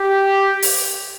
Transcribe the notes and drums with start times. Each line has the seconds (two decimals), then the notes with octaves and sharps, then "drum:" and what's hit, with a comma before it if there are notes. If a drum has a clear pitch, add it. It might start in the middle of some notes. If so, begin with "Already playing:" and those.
Already playing: G4
0.62 drum: open hi-hat